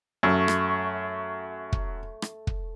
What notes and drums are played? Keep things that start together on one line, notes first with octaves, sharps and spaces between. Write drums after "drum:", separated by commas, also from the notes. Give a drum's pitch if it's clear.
F#2 A3
drum: rim click
drum: kick
drum: rim click
drum: kick